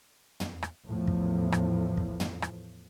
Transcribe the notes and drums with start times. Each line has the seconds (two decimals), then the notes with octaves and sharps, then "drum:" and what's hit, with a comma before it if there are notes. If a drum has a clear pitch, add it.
0.40 drum: tom
0.62 drum: rim click
0.85 E2 A2 F3
1.07 drum: kick
1.52 drum: rim click
1.97 drum: kick
2.20 drum: tom
2.42 drum: rim click